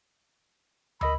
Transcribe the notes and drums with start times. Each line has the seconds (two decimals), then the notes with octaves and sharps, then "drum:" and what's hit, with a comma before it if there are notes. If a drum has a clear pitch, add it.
1.01 A#4 D#5 B5 E6, drum: tom